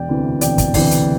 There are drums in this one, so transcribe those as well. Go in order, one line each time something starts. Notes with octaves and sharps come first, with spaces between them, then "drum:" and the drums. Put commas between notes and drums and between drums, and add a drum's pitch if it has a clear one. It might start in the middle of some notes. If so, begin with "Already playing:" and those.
Already playing: E1 D5 G5
D2 C3 E3
E1 D5 G5, drum: hi-hat
drum: kick, hi-hat
D2 C3 E3 D5 G5, drum: kick, open hi-hat
drum: hi-hat